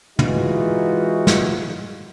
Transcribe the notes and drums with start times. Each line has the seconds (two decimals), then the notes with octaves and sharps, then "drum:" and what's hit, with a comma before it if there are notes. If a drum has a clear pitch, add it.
0.19 E3 G#3 D#4 F4 F#4, drum: tom
1.27 drum: snare